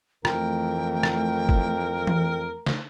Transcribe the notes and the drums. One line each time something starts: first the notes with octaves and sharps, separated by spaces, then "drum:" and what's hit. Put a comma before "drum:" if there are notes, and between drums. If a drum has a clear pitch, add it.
F2 E3 A3 A#4 G5, drum: rim click
drum: rim click
drum: kick G1
drum: tom E3
drum: snare